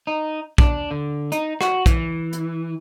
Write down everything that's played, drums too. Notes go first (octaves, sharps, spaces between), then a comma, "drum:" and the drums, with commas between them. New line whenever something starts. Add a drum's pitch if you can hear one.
D#4
D4, drum: kick
D3
D#4, drum: hi-hat
F#4, drum: rim click
E3, drum: kick, hi-hat
drum: hi-hat